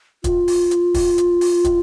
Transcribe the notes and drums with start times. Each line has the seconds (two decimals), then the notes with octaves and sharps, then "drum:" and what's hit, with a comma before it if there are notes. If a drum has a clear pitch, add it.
0.24 F4, drum: kick, hi-hat
0.48 drum: open hi-hat
0.71 drum: hi-hat
0.94 drum: kick, open hi-hat
1.18 drum: hi-hat
1.41 drum: open hi-hat
1.64 drum: kick, hi-hat